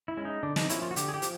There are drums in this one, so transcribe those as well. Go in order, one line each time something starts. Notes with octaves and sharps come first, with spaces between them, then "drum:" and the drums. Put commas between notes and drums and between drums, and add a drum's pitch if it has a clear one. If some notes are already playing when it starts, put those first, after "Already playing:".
E4
G#3 C#4
D#4
D3 D4
D#4, drum: snare
F3 A#3 C#4 E4, drum: hi-hat
F4
F#4
D3 G4, drum: hi-hat
G#4
G4
F3, drum: hi-hat